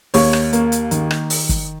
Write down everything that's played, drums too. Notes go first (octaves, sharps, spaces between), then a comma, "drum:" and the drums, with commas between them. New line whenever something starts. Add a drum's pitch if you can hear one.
D#2 C#5, drum: open hi-hat
drum: rim click
A#3, drum: hi-hat
drum: hi-hat
D#3, drum: hi-hat
drum: rim click
drum: open hi-hat
drum: kick, hi-hat